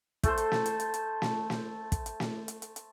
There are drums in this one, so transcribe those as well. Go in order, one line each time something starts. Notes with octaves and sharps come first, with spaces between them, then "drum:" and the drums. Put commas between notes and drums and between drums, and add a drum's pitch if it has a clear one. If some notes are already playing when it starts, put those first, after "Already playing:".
A3 A4 C5, drum: kick, hi-hat
drum: hi-hat
drum: snare
drum: hi-hat
drum: hi-hat
drum: hi-hat
drum: snare
drum: snare
drum: kick, hi-hat
drum: hi-hat
drum: snare
drum: hi-hat
drum: hi-hat
drum: hi-hat